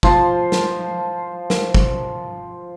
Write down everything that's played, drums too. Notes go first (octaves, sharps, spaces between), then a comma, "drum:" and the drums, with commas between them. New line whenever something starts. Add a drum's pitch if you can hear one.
F3 F4 C5, drum: kick
drum: snare
drum: snare
drum: kick